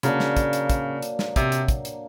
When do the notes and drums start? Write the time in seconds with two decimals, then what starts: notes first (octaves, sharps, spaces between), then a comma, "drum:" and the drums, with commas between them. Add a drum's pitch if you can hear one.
0.03 C#3 F#3 A#3 D4, drum: hi-hat
0.20 drum: snare
0.37 drum: kick, hi-hat
0.53 drum: hi-hat
0.70 drum: kick, hi-hat
1.02 drum: hi-hat
1.19 drum: snare
1.36 C3, drum: kick, hi-hat
1.52 drum: hi-hat
1.68 drum: kick, hi-hat
1.85 drum: hi-hat